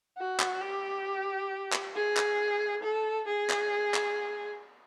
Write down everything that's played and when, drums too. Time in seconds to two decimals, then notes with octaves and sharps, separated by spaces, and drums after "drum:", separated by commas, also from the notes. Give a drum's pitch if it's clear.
0.18 F#4
0.40 drum: clap
0.61 G4
1.73 drum: clap
1.95 G#4
2.17 drum: clap
2.83 A4
3.28 G#4
3.50 drum: clap
3.94 drum: clap